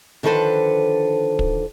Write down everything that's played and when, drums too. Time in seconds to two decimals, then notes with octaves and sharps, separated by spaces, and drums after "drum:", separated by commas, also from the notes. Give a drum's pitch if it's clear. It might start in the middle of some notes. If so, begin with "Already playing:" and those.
0.23 D3 D#3 F3 A4 B4 C5
1.39 drum: kick